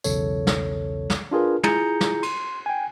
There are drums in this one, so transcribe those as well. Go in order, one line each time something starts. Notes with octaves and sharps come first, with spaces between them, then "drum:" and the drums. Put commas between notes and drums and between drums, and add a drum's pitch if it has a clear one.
B1 E2 C#3 A4 C#5, drum: tambourine
drum: snare
drum: snare
D4 F4 G#4 A#4 B4
E4 F4 G#4 A#5 G6 C#7, drum: tom
drum: snare
C6, drum: cymbal
G5 G#5